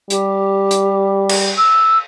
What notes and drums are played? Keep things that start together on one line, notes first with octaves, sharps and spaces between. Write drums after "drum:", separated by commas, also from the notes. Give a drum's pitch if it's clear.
G3 G4, drum: hi-hat
drum: hi-hat
drum: cymbal
E6